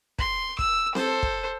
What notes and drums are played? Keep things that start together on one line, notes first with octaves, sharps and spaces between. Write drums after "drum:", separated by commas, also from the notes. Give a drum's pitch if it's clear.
C6, drum: kick
E6, drum: kick
A4 C5, drum: snare C4
drum: kick